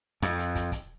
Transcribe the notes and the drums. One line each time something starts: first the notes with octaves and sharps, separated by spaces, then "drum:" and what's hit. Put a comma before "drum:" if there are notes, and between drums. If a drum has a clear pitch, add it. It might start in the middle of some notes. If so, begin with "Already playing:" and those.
F2, drum: rim click
drum: hi-hat
drum: kick, hi-hat
drum: kick, hi-hat